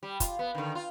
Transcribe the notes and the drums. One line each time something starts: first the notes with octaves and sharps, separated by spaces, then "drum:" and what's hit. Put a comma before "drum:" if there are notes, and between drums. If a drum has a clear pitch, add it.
G3
F4, drum: kick, hi-hat
B3
D3 D#3
F4